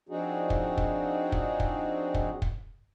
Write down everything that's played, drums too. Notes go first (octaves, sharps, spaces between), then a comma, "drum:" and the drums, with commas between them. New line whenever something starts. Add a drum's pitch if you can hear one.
F3 C4 D4 D#4 F#4 G#4
drum: kick
drum: kick
drum: kick
drum: kick
drum: kick
drum: kick